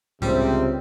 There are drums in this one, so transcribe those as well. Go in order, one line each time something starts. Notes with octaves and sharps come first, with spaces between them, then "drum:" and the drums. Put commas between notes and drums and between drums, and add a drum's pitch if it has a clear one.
C#2 C3 G3 C4, drum: tom A2